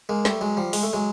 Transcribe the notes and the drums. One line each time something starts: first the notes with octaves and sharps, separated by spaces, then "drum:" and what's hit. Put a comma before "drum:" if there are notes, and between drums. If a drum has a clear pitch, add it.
G#3 A#3
G3 A3, drum: snare
F#3 G#3
F3 G3
G#3, drum: open hi-hat
A3
F#3 G#3